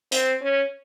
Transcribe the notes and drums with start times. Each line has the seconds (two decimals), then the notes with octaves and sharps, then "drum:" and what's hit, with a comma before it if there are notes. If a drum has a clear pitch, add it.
0.12 C4, drum: hi-hat
0.41 C#4